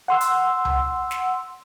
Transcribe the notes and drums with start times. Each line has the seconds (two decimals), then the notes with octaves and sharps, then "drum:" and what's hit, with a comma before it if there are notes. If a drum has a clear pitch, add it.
0.08 F#5 C6 E6
0.21 drum: hi-hat
0.65 drum: tom C#2
1.11 drum: snare